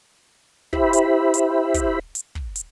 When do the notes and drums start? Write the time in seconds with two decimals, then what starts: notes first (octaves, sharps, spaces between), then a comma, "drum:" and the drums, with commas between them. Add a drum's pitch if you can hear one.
0.73 E4 G4 C5 E5 B5, drum: kick
0.93 drum: hi-hat
1.34 drum: hi-hat
1.74 drum: kick, hi-hat
2.15 drum: hi-hat
2.35 drum: kick
2.56 drum: hi-hat